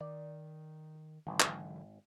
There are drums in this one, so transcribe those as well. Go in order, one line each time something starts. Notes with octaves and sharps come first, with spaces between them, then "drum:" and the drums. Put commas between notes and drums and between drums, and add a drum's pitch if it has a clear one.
D#3 D5
G#1 D3 E3 F#3
drum: clap